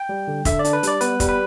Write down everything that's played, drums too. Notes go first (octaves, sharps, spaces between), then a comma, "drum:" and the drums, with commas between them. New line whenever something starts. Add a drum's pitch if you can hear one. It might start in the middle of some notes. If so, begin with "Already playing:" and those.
Already playing: G5
G3
D3
D3 E5, drum: kick F1, hi-hat
D5
D4, drum: hi-hat
B4
G3 D5, drum: hi-hat
B3 B4, drum: hi-hat
G3, drum: kick F1, hi-hat
B4